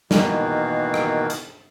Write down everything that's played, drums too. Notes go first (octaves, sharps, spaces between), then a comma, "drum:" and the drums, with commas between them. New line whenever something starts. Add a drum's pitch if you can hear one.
B2 D#3 E3 A#3, drum: snare
drum: rim click
drum: hi-hat